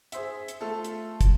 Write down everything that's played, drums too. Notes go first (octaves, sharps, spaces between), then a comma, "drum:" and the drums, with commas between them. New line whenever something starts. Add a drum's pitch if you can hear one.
G#4 C5 E5, drum: hi-hat
drum: hi-hat
A3 F4 A4
drum: hi-hat
drum: kick, hi-hat